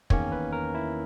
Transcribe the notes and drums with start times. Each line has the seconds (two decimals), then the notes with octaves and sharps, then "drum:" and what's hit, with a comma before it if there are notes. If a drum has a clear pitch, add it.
0.10 E2 D#3 A#3 C#4 C#5, drum: kick
0.32 B4
0.53 A#4
0.75 E4